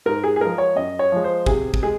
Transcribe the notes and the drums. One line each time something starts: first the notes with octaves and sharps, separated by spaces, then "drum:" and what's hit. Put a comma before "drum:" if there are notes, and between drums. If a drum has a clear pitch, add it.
G#2 A#4
G#4
G#4
F3 G#3 A#4
C#5
F#2 D#5
C#5
F3 G#3
C5
C3 G#4, drum: kick
drum: kick
G#3 G#4